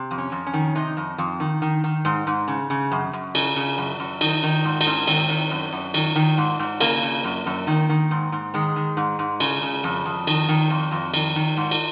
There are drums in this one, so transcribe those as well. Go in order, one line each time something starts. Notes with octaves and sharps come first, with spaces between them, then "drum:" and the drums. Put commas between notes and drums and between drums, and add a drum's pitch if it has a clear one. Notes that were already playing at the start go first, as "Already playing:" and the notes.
Already playing: C3
F2
C#4
F2
C#4
D#3
C3 D#4
F2
F2
D#3
D#3
D#3
G#2
G#2
C#3
C#3
F#2
F#2
C#3, drum: cymbal
C#3
F#2
F#2
D#3 D#4, drum: cymbal
D#3 D#4
G#2
D#4, drum: cymbal
G#2 C#4
D#3 C4, drum: cymbal
D#3
F#2
F#2
D#3, drum: cymbal
D#3
G#2
G#2
C#3 A#3, drum: cymbal
C#3
F#2
F#2
D#3
D#3
G#2
G#2
D#3 G#3
D#3
G#2
G#2
C#3, drum: cymbal
C#3
F2
F2
D#3, drum: cymbal
D#3
F2
F2
D#3, drum: cymbal
D#3
G#2
drum: cymbal